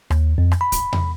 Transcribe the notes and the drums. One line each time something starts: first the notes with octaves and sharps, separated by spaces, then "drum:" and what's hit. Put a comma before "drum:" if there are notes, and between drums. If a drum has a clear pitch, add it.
D#2, drum: rim click
F2
drum: rim click
B5
drum: kick, hi-hat
drum: tom E2